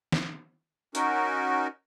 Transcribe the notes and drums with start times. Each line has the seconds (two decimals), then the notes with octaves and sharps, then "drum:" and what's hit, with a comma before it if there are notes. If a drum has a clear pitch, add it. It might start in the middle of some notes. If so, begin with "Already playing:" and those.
0.12 drum: snare
0.95 C#4 D#4 F#4 A#4, drum: hi-hat